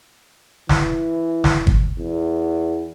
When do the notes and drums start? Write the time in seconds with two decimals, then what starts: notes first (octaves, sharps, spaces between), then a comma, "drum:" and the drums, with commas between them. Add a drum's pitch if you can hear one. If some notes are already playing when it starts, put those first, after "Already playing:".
0.69 E3, drum: snare
1.44 drum: snare
1.67 drum: kick
1.98 E2